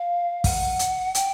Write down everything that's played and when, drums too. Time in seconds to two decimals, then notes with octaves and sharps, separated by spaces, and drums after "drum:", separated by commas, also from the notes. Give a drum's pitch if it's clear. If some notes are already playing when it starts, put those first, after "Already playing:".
Already playing: F5
0.44 F#5, drum: kick, open hi-hat
0.79 drum: hi-hat
1.15 G5, drum: hi-hat